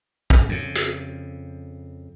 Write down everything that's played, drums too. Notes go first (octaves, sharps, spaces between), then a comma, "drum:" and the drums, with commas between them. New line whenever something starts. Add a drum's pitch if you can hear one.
drum: kick
F2 C#3
drum: hi-hat